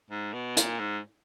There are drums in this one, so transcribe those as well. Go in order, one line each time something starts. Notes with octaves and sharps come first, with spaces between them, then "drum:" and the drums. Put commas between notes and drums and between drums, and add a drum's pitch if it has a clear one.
G#2
B2
A#2, drum: hi-hat
G#2